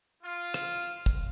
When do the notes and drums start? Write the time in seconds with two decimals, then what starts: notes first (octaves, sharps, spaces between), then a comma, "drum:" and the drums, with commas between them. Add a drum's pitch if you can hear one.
0.23 F4
0.54 drum: rim click
1.06 drum: kick